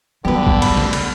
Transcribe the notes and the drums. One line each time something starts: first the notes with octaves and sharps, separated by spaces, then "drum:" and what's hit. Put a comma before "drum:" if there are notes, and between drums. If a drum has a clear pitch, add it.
D3 E3 F#3 G3 B3 F#4 G4 B4
drum: kick A1
B5, drum: cymbal
drum: snare
drum: cymbal